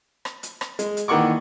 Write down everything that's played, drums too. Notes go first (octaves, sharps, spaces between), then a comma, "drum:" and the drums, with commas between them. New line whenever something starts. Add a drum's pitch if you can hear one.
drum: rim click
drum: hi-hat
drum: rim click
G#3, drum: hi-hat
drum: hi-hat
A#2 D#3 E3 F#5 C#6 D6